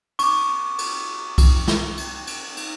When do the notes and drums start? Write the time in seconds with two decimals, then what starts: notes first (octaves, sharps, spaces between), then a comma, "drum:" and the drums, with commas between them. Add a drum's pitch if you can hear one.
0.19 C#6 D6, drum: cymbal
0.78 drum: cymbal
1.38 drum: kick C2, cymbal
1.68 drum: snare
1.97 drum: cymbal
2.27 drum: cymbal
2.57 drum: cymbal